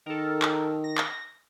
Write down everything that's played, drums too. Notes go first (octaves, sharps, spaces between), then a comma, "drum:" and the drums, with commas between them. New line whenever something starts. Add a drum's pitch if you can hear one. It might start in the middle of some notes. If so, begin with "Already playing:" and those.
D#3 A4 A#4
drum: clap
A#6
drum: clap